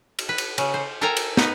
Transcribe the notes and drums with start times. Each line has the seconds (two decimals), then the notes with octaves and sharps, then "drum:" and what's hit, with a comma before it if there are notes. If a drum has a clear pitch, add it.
0.19 drum: cymbal
0.29 B4
0.38 drum: cymbal
0.58 C#3, drum: cymbal
0.74 C5
1.01 A4 A#4 F5 G5 G#5 A#5
1.17 drum: cymbal
1.37 B3 D#4, drum: snare